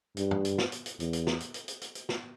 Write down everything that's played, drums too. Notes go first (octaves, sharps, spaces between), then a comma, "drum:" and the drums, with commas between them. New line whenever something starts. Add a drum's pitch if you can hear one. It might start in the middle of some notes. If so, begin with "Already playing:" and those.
G2, drum: hi-hat
drum: tom
drum: hi-hat
drum: snare
drum: hi-hat
drum: hi-hat
E2, drum: hi-hat
drum: hi-hat
drum: snare
drum: hi-hat
drum: hi-hat
drum: hi-hat
drum: hi-hat
drum: hi-hat
drum: snare